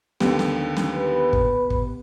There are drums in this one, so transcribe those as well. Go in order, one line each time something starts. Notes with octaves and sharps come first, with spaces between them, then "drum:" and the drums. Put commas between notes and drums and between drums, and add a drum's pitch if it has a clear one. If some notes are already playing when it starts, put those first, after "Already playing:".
D#2 D3 B3 G4, drum: snare
drum: snare
drum: snare
B4
drum: kick
drum: kick